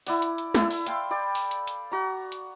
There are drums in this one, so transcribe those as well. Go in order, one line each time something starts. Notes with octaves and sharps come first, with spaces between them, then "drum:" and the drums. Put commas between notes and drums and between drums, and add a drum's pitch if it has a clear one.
E4 D5 F#5, drum: open hi-hat
drum: hi-hat
drum: hi-hat
E4 A4, drum: snare
drum: open hi-hat
F5 G5 A5 C6, drum: hi-hat
D5 G5 B5
drum: open hi-hat
drum: hi-hat
drum: hi-hat
F#4 A#5
drum: hi-hat